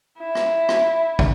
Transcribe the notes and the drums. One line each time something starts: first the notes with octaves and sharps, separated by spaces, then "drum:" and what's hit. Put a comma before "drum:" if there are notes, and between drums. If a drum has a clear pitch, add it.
E4
drum: rim click
drum: rim click
drum: kick